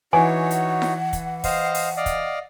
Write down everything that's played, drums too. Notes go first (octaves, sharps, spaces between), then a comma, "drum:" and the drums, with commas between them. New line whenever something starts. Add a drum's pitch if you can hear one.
E3 D#4 F#4 C#5 F#5 G#5
drum: hi-hat
drum: snare E4
drum: kick, hi-hat
C5 D#5 F5, drum: kick, open hi-hat
drum: open hi-hat
D5 D#5 F5
drum: kick, hi-hat